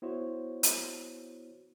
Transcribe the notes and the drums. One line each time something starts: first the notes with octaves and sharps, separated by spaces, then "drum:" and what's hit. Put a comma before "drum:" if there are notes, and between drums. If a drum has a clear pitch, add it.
B3 E4 F#4 C5 C#5
drum: hi-hat